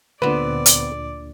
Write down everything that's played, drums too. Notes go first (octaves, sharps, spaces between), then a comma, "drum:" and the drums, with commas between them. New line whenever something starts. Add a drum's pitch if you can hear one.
D2 A#2 D3 B3 C4 B4 D5
drum: hi-hat